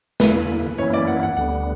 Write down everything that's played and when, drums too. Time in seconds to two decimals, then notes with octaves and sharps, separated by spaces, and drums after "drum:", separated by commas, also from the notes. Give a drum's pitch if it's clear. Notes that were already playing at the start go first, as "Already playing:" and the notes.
0.20 E2 D3 A#3 E4 B4, drum: snare
0.78 F#2 E3 A#3 C#4 E4 C#5
0.94 D5
1.07 F#5
1.23 F#5
1.37 D2 D3 G3 B3 F#5